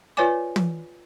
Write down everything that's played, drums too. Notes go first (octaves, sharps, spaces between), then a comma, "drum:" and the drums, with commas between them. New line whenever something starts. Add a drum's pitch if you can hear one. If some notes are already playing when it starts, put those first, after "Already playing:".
F4 B4 C#5 D5 G#5 D6
drum: tom